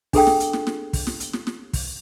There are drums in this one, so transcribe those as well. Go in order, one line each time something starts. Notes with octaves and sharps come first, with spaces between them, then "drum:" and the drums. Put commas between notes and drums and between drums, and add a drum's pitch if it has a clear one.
D4 G#4 A4 G5, drum: kick, open hi-hat
drum: snare
drum: hi-hat
drum: snare
drum: snare
drum: kick, open hi-hat
drum: snare
drum: hi-hat
drum: snare
drum: snare
drum: kick, open hi-hat